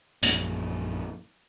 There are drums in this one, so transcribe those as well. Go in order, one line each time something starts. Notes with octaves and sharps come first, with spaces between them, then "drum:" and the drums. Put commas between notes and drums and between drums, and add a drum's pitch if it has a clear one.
A#1 F#2 A#3, drum: hi-hat